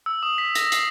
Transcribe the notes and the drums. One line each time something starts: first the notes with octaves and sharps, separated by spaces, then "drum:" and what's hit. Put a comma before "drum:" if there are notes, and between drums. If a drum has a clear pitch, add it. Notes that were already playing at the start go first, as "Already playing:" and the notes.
E6
D#6
B6
A#6, drum: hi-hat
C7, drum: hi-hat